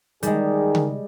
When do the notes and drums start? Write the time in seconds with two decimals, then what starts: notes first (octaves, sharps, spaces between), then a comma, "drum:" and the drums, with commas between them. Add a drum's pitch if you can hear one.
0.23 D#3 G3 G#3 G#4, drum: hi-hat
0.75 drum: tom C#3